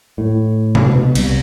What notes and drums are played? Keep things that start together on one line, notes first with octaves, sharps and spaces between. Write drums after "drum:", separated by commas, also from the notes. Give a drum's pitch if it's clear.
A2
drum: tom C3
B2
C2, drum: cymbal